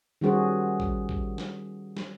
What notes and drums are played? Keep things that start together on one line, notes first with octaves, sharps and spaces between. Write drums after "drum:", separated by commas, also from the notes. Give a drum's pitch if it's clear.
D#3 G3 C#4 F#4 G#4 C5
drum: kick
drum: kick
drum: snare
drum: snare